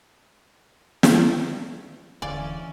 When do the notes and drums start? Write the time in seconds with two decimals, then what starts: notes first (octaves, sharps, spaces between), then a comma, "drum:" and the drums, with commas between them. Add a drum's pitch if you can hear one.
1.03 D5, drum: snare
2.22 D#1 D3 E3 G#3 C#4 D5 F5 G#5